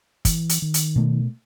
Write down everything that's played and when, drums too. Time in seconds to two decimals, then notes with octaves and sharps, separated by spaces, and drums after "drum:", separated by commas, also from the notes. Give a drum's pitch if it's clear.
0.25 E3, drum: kick, hi-hat
0.49 drum: hi-hat
0.62 D#3
0.74 drum: hi-hat
0.96 B2 A3